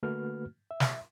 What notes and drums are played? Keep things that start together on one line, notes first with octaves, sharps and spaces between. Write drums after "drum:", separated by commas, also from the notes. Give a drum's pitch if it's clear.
D3 A3 A#3 F#4 B4 F6
E5
drum: snare